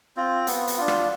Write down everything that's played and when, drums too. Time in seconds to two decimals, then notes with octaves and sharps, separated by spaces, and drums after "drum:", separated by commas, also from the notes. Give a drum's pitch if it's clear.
0.17 C4 F4
0.47 B3, drum: hi-hat
0.67 drum: hi-hat
0.77 D4 F4
0.88 drum: rim click